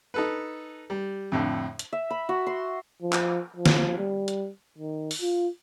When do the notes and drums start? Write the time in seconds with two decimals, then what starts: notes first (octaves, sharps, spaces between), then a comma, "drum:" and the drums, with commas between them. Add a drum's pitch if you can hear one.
0.14 D#4 A4 B4
0.90 G3
1.32 F2 A2 D3
1.79 drum: hi-hat
1.93 E5
2.10 B5
2.29 F#4
2.47 C6
3.02 F3
3.12 drum: clap
3.56 F3
3.66 drum: snare
3.98 G3
4.28 drum: hi-hat
4.78 D#3
5.11 drum: open hi-hat
5.21 F4